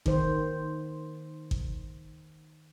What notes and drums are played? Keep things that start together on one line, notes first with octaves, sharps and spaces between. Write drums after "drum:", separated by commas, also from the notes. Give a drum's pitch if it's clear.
D#3 C5, drum: kick G#1
drum: kick G#1